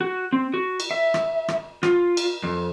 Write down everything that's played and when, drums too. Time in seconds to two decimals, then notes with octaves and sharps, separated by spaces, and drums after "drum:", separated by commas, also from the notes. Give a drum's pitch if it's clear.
0.01 F#4
0.33 C4
0.54 F#4
0.80 drum: cymbal
0.91 E5
1.14 drum: rim click
1.48 drum: rim click
1.83 F4, drum: rim click
2.17 drum: cymbal
2.43 F2